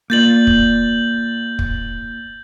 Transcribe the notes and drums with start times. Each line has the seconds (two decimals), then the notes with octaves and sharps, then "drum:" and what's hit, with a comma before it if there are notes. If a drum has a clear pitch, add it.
0.10 A#3 F4 D5 G6 A6 F#7
0.47 drum: kick
1.59 drum: kick